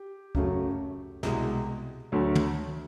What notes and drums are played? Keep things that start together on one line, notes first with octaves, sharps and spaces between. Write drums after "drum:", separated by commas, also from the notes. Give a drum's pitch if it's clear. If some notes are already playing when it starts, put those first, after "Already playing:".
Already playing: G4
F#2 C#3 F#3 A3, drum: kick C#2
C2 B2 G#3, drum: snare
D2 D3 F#3 A3
drum: tom